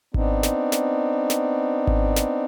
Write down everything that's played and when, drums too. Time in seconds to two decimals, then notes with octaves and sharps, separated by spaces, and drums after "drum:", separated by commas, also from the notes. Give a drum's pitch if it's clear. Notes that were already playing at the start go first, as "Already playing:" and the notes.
0.14 B3 C4 D4 D#4, drum: kick G#1
0.43 drum: snare
0.72 drum: snare
1.30 drum: snare
1.87 drum: kick G#1
2.16 drum: snare